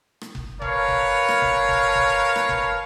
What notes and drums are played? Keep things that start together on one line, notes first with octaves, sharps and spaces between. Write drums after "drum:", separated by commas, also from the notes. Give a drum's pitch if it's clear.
drum: rim click
drum: kick F#1
A#4 B4 C#5 F5 A5, drum: kick F#1
drum: kick F#1
drum: rim click
drum: kick F#1
drum: kick F#1
drum: kick F#1
drum: rim click
drum: kick F#1